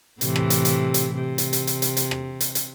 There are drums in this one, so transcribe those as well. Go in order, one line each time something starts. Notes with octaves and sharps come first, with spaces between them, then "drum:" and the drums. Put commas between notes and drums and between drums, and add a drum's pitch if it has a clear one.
A2 C3 E3, drum: hi-hat
drum: rim click
drum: hi-hat
drum: hi-hat
drum: hi-hat
C3
drum: hi-hat
drum: hi-hat
drum: hi-hat
drum: hi-hat
drum: hi-hat
drum: rim click
drum: hi-hat
drum: hi-hat